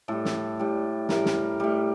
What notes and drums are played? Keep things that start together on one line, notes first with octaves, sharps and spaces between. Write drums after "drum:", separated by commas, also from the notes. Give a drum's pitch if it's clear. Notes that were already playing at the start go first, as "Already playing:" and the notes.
A2 G3 A4
drum: snare
A2 G3
A2 G3 A#4, drum: snare
drum: snare
A2 G3